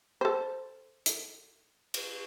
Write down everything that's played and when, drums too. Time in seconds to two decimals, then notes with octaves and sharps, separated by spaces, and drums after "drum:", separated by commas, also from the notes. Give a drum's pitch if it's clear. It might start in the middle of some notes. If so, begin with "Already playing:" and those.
0.21 A4 C5
1.06 drum: hi-hat
1.94 drum: cymbal